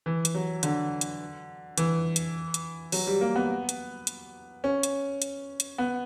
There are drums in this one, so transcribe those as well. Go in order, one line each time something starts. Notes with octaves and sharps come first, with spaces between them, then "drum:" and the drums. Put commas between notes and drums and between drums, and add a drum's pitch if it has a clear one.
E3
drum: hi-hat
F#3
D3, drum: hi-hat
drum: hi-hat
E3, drum: hi-hat
drum: hi-hat
drum: hi-hat
F#3, drum: open hi-hat
G3
A#3
B3
drum: hi-hat
drum: hi-hat
C#4
drum: hi-hat
drum: hi-hat
drum: hi-hat
B3